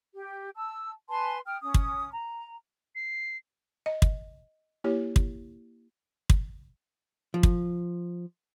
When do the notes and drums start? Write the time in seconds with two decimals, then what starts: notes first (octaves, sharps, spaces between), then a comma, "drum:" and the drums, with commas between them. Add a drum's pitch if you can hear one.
0.14 G4
0.56 A5 E6
1.09 B4 G#5 A5 C6
1.46 G5 D#6 F6
1.61 C#4 D#6
1.74 drum: kick
2.12 A#5
2.95 C7
3.86 D#5
4.02 drum: kick
4.84 A#3 E4 G4 C#5
5.16 drum: kick
6.30 drum: kick
7.34 F3
7.43 drum: kick